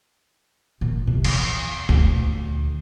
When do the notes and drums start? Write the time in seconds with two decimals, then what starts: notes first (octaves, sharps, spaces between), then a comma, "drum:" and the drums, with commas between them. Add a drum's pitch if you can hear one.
0.81 A#2
1.07 C2
1.24 E2, drum: cymbal
1.89 D2, drum: tom A#2